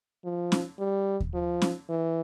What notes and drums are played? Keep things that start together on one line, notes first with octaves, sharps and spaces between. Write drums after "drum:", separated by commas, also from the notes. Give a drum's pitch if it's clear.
F3
drum: snare
G3
drum: kick D#2
F3
drum: snare
E3